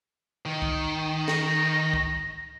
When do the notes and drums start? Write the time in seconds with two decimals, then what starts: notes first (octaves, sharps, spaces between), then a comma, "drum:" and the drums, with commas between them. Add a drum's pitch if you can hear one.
0.46 D#3
0.62 drum: kick C2
1.28 A#6, drum: snare
1.93 drum: kick C2